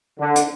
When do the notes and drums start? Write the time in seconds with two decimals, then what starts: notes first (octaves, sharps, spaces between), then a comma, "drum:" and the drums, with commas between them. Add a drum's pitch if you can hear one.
0.19 D3
0.36 drum: hi-hat